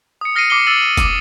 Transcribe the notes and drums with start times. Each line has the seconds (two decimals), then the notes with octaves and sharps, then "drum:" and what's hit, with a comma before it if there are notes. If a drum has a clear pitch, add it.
0.21 D#6 C#7
0.36 F6 A#6 C7 C#7 D#7
0.50 D6 C7 C#7 G7
0.67 E6 A6 D#7 F#7
0.82 D#7
0.97 D6 D#6 D#7, drum: kick F1, hi-hat